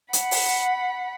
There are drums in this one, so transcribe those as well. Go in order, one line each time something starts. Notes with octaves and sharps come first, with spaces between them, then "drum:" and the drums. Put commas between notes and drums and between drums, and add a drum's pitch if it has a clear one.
F#5 B5, drum: hi-hat
drum: open hi-hat